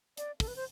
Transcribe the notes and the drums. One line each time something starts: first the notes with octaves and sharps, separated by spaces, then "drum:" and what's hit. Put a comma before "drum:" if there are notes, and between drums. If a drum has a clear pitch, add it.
D5, drum: hi-hat
A4, drum: kick, open hi-hat
B4
C5